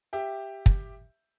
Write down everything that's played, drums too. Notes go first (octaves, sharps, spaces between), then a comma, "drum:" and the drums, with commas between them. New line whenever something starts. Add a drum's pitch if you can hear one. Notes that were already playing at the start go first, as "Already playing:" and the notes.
G4 E5 G5
drum: kick